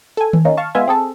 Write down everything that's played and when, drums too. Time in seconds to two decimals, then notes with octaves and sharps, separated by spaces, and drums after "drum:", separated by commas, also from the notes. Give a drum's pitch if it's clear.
0.17 A4 G#5
0.33 drum: tom D#3
0.45 A#3 C#4 D#4
0.57 F5 A5 C#6
0.75 G#3 B3 F4 E5 G#5
0.88 C4 G#4 A4